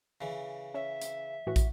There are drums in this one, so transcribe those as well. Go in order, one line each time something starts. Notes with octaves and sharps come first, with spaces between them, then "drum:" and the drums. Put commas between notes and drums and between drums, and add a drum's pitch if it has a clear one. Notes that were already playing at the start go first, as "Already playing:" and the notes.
C#3 E3
C#4 E5
drum: hi-hat
A2 E3 F#4
drum: kick, hi-hat